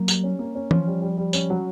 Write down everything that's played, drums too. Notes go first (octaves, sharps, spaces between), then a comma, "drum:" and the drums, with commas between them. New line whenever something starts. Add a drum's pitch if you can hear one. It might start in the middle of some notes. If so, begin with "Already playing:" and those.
Already playing: F#3 A#3
G3, drum: tambourine
C#4
A#3
C#4
F3 C#4, drum: tom E3
G3
G3
G3
C#4, drum: tambourine
F#3